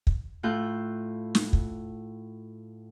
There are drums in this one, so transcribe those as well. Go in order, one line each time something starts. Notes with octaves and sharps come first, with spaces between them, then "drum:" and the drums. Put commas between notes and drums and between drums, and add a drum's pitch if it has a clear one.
drum: kick
A2 F4 F#6 G6
drum: snare
drum: kick